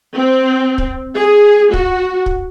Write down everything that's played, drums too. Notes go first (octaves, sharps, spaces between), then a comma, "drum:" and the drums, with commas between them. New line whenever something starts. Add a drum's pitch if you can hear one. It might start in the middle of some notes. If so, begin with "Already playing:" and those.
C4
drum: kick
G#4
F#4, drum: kick
drum: kick